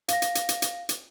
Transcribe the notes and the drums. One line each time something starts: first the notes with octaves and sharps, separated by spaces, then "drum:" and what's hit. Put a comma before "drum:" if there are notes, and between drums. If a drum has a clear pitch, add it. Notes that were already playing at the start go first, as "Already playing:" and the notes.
F5 A#6, drum: hi-hat
drum: hi-hat
drum: hi-hat
drum: hi-hat
drum: hi-hat
drum: hi-hat